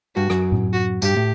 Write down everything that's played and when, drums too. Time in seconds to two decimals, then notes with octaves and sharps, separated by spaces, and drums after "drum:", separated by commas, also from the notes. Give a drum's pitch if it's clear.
0.15 G2 F#4
0.30 F#2, drum: rim click
0.52 drum: tom A2
0.73 F#4
1.02 G2 G4, drum: tambourine
1.16 A2